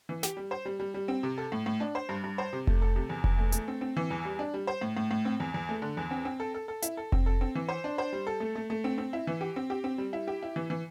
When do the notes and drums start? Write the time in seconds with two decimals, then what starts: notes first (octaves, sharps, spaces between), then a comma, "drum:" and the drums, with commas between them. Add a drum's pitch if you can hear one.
0.09 E3
0.23 G4, drum: snare
0.37 G3
0.51 C5
0.65 G3
0.80 G3
0.94 G3
1.08 C4
1.23 C3
1.38 A4
1.52 A2
1.66 A2
1.80 D4
1.95 C5
2.09 G2
2.24 G2
2.38 C5
2.53 C3
2.67 A3, drum: kick F1
2.82 A4
2.96 C3
3.09 E2
3.24 E2, drum: kick F1
3.38 A3
3.52 A3, drum: hi-hat
3.68 C4
3.81 C4
3.97 E3
4.10 E2
4.25 G3
4.39 D4
4.54 G3
4.67 C5
4.81 A2
4.97 A2
5.11 A2
5.25 C4
5.40 E2
5.54 E2
5.69 A3
5.82 D3
5.97 E2
6.11 C4
6.25 C4
6.40 A4
6.54 A4
6.68 A4
6.82 E4, drum: hi-hat
6.97 A4
7.12 C4, drum: kick F1
7.26 A4
7.41 C4
7.55 E3
7.69 C5
7.84 D4
7.98 C5
8.13 G3
8.27 A4
8.40 A3
8.55 A3
8.70 A3
8.84 C4
8.98 C4
9.13 E4
9.27 E3
9.41 G4
9.56 C4
9.70 G4
9.84 C4
9.98 G3
10.13 E4
10.28 G4
10.42 E4
10.56 E3
10.70 E3